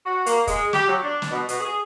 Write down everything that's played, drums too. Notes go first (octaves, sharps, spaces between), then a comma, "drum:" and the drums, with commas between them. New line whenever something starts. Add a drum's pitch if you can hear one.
F#4
A#3, drum: hi-hat
G#3, drum: kick, hi-hat
G4, drum: snare
F#3
D4
drum: snare
B2
B2, drum: hi-hat
G#4